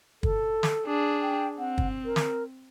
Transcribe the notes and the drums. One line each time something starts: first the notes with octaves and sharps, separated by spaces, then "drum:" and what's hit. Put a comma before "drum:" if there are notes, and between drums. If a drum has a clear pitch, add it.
A4, drum: kick
drum: snare
D4 G#4
G5
C4 F#5
drum: kick
A#4
drum: snare